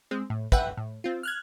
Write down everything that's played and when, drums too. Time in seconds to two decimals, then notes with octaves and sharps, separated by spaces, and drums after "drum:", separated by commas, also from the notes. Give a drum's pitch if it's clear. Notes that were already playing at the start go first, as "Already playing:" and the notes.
0.11 G#3 C4
0.30 A2
0.52 B4 E5 F#5 G5, drum: kick
0.77 A2
1.04 C4 F4
1.23 F6 F#6 G#6